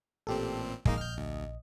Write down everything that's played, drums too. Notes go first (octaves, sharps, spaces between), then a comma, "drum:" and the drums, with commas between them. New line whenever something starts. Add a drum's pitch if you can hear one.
A1 A#2 C4 G4 A4
A#1 G#3 A#3 D#4 D#5, drum: kick
F6 G6
D2